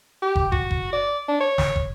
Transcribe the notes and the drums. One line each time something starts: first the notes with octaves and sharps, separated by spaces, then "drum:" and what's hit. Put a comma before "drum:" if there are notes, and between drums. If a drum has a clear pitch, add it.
G4
drum: kick
F#4, drum: kick
drum: kick
D5
D4
C#5
drum: snare
drum: kick